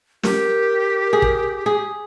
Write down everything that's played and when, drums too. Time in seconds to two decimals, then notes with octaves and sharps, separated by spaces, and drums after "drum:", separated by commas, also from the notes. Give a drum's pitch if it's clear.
0.23 G4 A#4, drum: snare
1.13 G#4
1.22 drum: kick
1.66 G#4